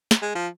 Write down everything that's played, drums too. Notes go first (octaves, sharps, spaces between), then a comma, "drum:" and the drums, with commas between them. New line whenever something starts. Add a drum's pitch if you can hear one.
drum: snare
G#3
F3